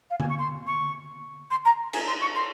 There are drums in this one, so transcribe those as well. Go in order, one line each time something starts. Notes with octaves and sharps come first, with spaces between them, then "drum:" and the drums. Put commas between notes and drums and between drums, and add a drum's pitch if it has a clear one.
F5
G#5, drum: tom D3
C#6
C6
C#6
C6
A#5
G#5, drum: cymbal
C6
C#6
C6